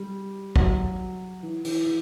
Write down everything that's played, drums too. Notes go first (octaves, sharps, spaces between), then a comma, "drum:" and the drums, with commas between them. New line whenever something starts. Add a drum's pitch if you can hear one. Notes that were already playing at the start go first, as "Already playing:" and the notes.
Already playing: G3
F#3, drum: kick
E3
E3, drum: open hi-hat
E3